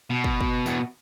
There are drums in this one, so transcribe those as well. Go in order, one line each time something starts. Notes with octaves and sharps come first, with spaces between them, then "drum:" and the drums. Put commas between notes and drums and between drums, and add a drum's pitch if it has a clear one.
B2
drum: kick
drum: kick
E2, drum: tambourine